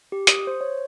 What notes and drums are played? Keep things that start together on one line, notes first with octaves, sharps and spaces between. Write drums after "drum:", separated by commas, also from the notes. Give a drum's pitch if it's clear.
G4
D#6, drum: hi-hat
C5
C#5